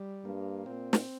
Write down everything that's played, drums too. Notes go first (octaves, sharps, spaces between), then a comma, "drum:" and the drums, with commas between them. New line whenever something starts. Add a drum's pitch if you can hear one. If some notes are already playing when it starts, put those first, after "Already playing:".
Already playing: G3
G2 A#3
A#2 C4
drum: snare